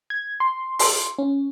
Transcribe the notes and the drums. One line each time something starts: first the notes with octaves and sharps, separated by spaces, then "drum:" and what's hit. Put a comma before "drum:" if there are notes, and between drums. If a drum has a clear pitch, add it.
G#6
C6
C6, drum: open hi-hat
C#4